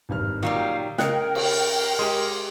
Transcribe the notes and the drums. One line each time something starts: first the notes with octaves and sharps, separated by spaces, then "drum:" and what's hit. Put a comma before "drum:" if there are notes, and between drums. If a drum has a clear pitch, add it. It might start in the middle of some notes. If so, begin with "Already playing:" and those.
G#1 G2 F6
A#2 D#3 F#3 G3 F5
C#3 A#4 D#5 G5 F#6 C#7, drum: snare
drum: cymbal
G#3 G4 C6